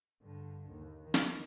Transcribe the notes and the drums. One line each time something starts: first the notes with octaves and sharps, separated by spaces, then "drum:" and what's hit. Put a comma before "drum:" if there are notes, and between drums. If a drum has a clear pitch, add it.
G2 D3
D#2
D#3
drum: snare